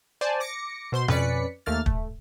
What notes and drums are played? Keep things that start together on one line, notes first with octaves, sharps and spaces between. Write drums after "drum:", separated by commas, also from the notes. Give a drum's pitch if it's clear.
C5 D5 G#5 A5
D6 A#6 C#7
B2 C5 C6
F2 C#4 B4 D5 B6 C#7, drum: tom B2
D#2 A3 A#3 F6 A6
A3, drum: kick